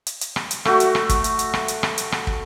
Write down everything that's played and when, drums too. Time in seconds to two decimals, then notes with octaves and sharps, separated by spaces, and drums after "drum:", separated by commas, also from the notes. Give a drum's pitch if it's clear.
0.07 drum: hi-hat
0.21 drum: hi-hat
0.36 drum: rim click
0.51 drum: hi-hat
0.65 A3 F#4, drum: rim click
0.80 drum: hi-hat
0.95 drum: rim click
1.09 drum: kick, hi-hat
1.24 drum: hi-hat
1.39 drum: hi-hat
1.54 drum: rim click
1.68 drum: hi-hat
1.83 drum: rim click
1.98 drum: hi-hat
2.12 drum: rim click
2.27 drum: kick